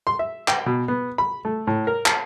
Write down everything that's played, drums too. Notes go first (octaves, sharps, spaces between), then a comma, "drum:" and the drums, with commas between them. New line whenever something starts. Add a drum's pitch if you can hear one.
C6
E5
G5, drum: clap
B2
B3
B5
A3
A2
A#4
A5, drum: clap